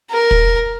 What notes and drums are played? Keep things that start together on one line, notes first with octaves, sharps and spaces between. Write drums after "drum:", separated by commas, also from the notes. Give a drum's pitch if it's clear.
A#4
drum: kick